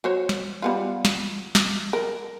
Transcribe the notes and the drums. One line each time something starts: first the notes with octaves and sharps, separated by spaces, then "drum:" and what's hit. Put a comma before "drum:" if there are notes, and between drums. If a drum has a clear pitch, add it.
F#3 C5 C#5
drum: snare
G3 B3 F4
drum: snare
drum: snare
A#4